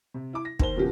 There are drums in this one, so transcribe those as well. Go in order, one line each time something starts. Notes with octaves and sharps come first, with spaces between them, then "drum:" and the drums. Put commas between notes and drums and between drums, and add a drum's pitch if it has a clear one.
C3
E4 D6
A#6
D#2 C5 G7, drum: kick
A#2 C#3 F3 B3 G4